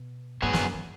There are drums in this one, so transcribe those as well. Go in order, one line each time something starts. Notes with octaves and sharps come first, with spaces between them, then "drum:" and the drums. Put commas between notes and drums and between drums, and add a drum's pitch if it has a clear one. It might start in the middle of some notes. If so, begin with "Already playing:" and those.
Already playing: B2
G#2 F#3 B3 G#4
G#2, drum: snare
F#2
E3